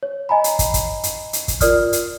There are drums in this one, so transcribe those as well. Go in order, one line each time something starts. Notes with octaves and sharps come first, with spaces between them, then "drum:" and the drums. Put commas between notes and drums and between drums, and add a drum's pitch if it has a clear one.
C#5
D#5 G#5 A#5 B5
drum: hi-hat
drum: kick, hi-hat
drum: kick, hi-hat
drum: hi-hat
drum: hi-hat
drum: kick, hi-hat
F4 A#4 D5 D#6 F6, drum: kick, hi-hat
drum: hi-hat